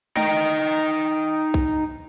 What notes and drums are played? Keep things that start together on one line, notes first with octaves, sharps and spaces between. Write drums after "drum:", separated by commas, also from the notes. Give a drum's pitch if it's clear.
D#4 D#5 G5, drum: tom G#3
drum: open hi-hat
drum: kick B1